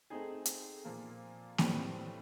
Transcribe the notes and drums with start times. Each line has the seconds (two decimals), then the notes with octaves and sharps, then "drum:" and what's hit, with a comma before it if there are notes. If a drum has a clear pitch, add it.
0.10 A3 C4 D#4 G#4
0.46 drum: hi-hat
0.84 A#2 F3 A#3
1.58 A2 E3 G3 C4, drum: snare A#3